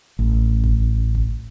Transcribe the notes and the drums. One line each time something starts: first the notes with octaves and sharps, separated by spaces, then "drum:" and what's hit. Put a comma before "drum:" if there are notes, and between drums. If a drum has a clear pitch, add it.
A1
drum: kick F#1
drum: kick F#1